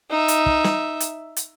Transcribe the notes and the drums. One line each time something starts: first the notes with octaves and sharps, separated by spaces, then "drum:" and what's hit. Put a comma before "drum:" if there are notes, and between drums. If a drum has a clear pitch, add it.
D#4 E5
drum: hi-hat
drum: kick
drum: snare
drum: hi-hat
drum: hi-hat